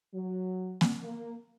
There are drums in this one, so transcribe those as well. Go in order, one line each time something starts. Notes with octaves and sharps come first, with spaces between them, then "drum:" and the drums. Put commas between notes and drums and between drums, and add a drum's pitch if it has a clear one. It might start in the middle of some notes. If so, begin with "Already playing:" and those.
F#3
drum: snare A#3
A#3